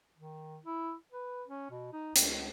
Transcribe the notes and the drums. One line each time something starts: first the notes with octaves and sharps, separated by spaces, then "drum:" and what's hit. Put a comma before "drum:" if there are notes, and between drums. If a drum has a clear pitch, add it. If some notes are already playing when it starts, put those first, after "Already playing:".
D#3
E4
B4
C#4
B2
D#4
C#2, drum: hi-hat